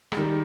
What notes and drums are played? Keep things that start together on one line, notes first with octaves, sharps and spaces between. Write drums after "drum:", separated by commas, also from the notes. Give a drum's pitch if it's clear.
G#3, drum: rim click
D#3 G3